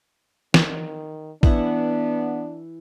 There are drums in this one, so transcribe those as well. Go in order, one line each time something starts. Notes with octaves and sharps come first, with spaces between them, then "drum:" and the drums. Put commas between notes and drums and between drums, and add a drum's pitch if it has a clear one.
D#3, drum: snare
E3 B3 D4 E4 F#5, drum: kick